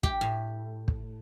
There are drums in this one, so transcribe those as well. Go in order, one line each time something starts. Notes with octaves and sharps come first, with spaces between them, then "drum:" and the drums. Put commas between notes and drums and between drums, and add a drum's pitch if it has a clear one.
G4, drum: kick
A2
drum: kick